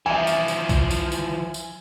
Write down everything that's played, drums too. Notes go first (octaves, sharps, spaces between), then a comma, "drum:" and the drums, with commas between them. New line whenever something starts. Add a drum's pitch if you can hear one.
E3 F3 E5 G#5
drum: tambourine
drum: tambourine
drum: kick A#1, tambourine
drum: tambourine
drum: tambourine
drum: tambourine